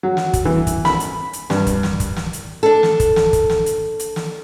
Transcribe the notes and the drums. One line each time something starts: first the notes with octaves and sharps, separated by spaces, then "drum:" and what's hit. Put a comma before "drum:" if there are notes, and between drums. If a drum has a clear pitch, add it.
F#3
drum: snare
drum: kick, hi-hat
E3
drum: kick, hi-hat
B5, drum: snare
drum: hi-hat
drum: hi-hat
G2, drum: snare
drum: kick, hi-hat
drum: snare
drum: kick, hi-hat
drum: snare
drum: hi-hat
D4 A4
drum: snare
drum: kick, hi-hat
drum: snare
drum: kick, hi-hat
drum: snare
drum: hi-hat
drum: hi-hat
drum: snare